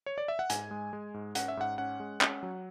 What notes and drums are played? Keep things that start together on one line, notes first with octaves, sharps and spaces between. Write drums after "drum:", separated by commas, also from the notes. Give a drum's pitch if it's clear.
C#5
D5
E5
F#5
G#2 G#5, drum: hi-hat
G#3
G#3
G#2
C#4 F#5, drum: hi-hat
E5
G#2 F#5
C#4 F#5
G#3
C#4, drum: clap
F#3